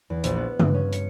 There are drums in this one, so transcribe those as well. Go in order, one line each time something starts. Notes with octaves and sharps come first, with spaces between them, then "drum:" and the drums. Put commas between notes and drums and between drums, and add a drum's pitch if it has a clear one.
E2
A#1, drum: hi-hat
B3
G2, drum: tom C#3
C#4
C#7, drum: hi-hat